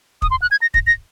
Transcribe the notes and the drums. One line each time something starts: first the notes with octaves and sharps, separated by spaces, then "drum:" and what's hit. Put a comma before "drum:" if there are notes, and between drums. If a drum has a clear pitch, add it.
D#6, drum: kick
C6
F#6
G#6
A#6
A#6, drum: kick
A#6